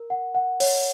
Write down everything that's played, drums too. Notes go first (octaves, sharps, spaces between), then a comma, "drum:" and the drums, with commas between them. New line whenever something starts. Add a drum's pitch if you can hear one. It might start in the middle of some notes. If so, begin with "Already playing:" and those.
Already playing: A#4
F#5
F#5
C#5, drum: open hi-hat